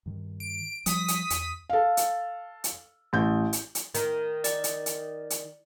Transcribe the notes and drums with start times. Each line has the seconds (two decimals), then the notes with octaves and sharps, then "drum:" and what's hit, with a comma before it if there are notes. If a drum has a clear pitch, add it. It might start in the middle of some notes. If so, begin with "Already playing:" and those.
0.06 G2 D#3
0.40 D7
0.86 F3 G3 D#6 B6, drum: hi-hat
1.08 drum: hi-hat
1.30 E2, drum: hi-hat
1.70 A4 F5
1.97 drum: hi-hat
2.64 drum: hi-hat
3.13 A1 G6
3.53 drum: hi-hat
3.75 drum: hi-hat
3.94 D#3, drum: hi-hat
4.44 D5, drum: hi-hat
4.64 drum: hi-hat
4.86 drum: hi-hat
5.30 drum: hi-hat